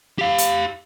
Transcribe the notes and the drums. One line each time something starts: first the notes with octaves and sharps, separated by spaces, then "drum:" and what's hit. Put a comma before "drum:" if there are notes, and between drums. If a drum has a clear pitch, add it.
G4 F5
drum: hi-hat